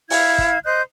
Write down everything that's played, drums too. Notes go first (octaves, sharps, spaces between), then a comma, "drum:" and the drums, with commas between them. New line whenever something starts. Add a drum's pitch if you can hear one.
E4 F5 G#6, drum: open hi-hat
drum: kick
C5 D#5 F#6 G6